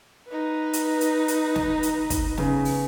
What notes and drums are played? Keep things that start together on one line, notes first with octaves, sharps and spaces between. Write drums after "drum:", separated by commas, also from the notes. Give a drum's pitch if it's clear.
D#4 B4
drum: hi-hat
drum: hi-hat
drum: hi-hat
drum: snare
drum: hi-hat
drum: kick, hi-hat
C#3 B3 C#4, drum: snare
drum: open hi-hat